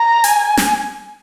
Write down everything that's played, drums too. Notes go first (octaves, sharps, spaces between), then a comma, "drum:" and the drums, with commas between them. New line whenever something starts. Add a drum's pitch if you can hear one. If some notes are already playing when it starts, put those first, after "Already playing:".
Already playing: A#5
G#5, drum: hi-hat
drum: snare